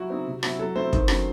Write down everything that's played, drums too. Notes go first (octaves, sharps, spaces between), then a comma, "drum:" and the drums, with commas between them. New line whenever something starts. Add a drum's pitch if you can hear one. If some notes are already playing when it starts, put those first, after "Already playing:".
Already playing: F#3 E4 F#4
C4 D#4
C3
F#3 C4 E4, drum: rim click
F#3 A4
A3 C4 E4 C5
D#3, drum: kick
F#3 C#4, drum: rim click